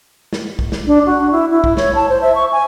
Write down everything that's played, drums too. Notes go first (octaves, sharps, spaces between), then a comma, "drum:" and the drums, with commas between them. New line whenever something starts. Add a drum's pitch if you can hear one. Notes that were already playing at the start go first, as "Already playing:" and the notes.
drum: snare
drum: kick
drum: snare
D4
F#4
E4
E4
drum: kick
C#5, drum: snare
A5
C5
E5
C#6
G#5